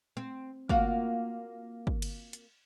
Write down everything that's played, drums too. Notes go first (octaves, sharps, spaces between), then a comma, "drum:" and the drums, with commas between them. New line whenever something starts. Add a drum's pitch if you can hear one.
C4
A#3 F4 F#4, drum: kick
drum: kick
drum: cymbal
drum: hi-hat